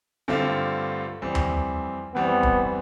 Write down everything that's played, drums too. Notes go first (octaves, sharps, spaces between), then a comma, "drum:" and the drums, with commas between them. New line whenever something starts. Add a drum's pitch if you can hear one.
G2 D3 A3 C4 F4
F2 E3 G3 C4
drum: tom D#2
F2 E3 G3 B3 C4
drum: kick